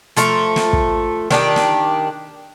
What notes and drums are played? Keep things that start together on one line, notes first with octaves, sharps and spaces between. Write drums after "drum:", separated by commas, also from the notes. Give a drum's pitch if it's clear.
F3 A3 A#5, drum: hi-hat
drum: snare
drum: kick
D#3 D4 G4, drum: snare
drum: snare